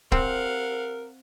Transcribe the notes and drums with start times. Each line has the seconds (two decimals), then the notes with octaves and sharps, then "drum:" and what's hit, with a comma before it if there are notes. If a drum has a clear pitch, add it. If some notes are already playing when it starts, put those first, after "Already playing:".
0.12 C4 A#4 F5 F#5, drum: kick C#1